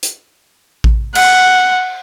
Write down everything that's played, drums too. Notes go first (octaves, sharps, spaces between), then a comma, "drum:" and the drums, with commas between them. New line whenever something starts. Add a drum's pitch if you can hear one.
drum: hi-hat
drum: kick A1
F#5, drum: cymbal